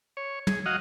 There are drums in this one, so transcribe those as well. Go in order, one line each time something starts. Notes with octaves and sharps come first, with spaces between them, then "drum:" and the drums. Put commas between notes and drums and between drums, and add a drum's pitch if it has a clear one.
C#5
G#4, drum: tom
F#3 D#5 F5 F#5